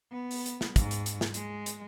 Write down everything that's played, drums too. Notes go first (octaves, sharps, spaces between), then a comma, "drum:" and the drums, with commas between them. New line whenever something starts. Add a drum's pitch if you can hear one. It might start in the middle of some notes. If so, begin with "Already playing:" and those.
B3
drum: open hi-hat
drum: hi-hat
drum: snare
G#2, drum: kick, hi-hat
drum: hi-hat
drum: hi-hat
drum: snare
G#3, drum: hi-hat
drum: hi-hat